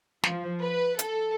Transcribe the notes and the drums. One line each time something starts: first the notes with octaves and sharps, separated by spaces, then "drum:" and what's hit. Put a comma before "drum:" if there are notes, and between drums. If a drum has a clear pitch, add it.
F3, drum: snare
B4
A4, drum: hi-hat